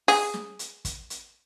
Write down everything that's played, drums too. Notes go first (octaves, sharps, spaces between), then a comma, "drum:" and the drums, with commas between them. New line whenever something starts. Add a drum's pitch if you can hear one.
G#4, drum: open hi-hat
drum: snare
drum: hi-hat
drum: kick, hi-hat
drum: hi-hat